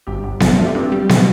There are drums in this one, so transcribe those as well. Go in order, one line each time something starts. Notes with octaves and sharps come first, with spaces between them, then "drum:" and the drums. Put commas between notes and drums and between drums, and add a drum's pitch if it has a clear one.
G1 G4
G1
G1 F4, drum: snare B3
D4
A3 F4
G4
G2 C4
G3
B2, drum: snare B3